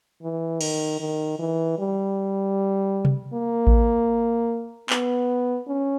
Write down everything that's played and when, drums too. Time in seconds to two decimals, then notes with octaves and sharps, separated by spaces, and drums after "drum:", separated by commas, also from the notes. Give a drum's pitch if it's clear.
0.22 E3
0.61 D#3, drum: cymbal
1.00 D#3
1.39 E3
1.78 G3
3.05 drum: tom C3
3.34 A#3
3.67 drum: kick A1
4.90 B3, drum: clap
5.68 C#4